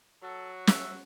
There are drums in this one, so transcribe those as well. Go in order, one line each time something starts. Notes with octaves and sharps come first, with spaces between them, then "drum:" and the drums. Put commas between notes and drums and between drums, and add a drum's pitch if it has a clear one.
F#3 F#4 A4
E5, drum: snare